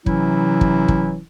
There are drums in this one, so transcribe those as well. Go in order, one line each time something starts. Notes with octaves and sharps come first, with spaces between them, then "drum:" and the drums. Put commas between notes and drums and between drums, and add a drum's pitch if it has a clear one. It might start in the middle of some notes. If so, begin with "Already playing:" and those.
C3 E3 F#3 C#4 E4, drum: kick
drum: kick
drum: kick